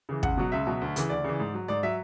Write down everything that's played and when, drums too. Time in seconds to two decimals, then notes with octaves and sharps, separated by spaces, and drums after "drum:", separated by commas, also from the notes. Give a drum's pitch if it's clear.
0.09 C#3 E3
0.23 C#2 F#5, drum: kick
0.37 B2 F#3
0.52 C#2 E5
0.67 B2 F#3
0.81 D2
0.96 C#3 E3, drum: hi-hat
1.10 D2 D5
1.24 C#3 E3
1.40 G#2
1.54 F#3
1.68 G#2 D5
1.83 F#3 E5